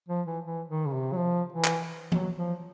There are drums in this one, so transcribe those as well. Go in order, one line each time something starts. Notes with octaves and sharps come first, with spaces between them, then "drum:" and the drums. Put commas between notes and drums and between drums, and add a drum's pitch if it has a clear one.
F3
E3
E3
D#3
C#3
C3
F#3
F3
E3
drum: clap
F#3, drum: tom E3
F3